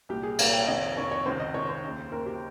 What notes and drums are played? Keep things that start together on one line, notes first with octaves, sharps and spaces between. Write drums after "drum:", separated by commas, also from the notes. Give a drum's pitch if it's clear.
C2 A#2 G4
G#4
C2 A#2 A#4, drum: cymbal
G5
F2 C3 D#3 D#5
F2 C3 D#3 C#5
C#5
C#2 C3 D#3 C5
D#5
C#2 C3 D#3 C#5
C5
D#2 C#3
D#2 C#3 A#4
G4